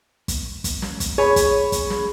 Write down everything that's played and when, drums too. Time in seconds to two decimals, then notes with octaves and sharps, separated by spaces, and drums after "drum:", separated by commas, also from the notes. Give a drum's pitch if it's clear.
0.28 drum: kick, hi-hat
0.64 drum: kick, hi-hat
0.82 drum: snare
1.00 drum: kick, hi-hat
1.18 G#4 C#5 B5
1.36 drum: kick, hi-hat
1.72 drum: kick, hi-hat
1.90 drum: snare